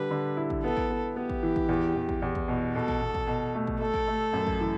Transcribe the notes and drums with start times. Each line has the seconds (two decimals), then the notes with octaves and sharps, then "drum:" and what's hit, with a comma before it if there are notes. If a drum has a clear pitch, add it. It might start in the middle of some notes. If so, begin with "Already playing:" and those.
Already playing: D3 G3 B4
0.11 D3
0.37 E4
0.50 drum: kick
0.63 B3 A4
0.77 drum: kick
0.90 B3
1.16 B3 G4
1.30 drum: kick
1.43 E3
1.56 drum: kick
1.69 E2
1.96 E2
2.09 drum: kick
2.22 E2
2.35 drum: kick
2.48 B2
2.75 B2 A4
2.88 drum: kick
3.02 B2
3.15 drum: kick
3.27 B2
3.55 A3
3.67 drum: kick
3.80 A3 A4
3.94 drum: kick
4.07 A3
4.33 F#2
4.47 drum: kick
4.60 E3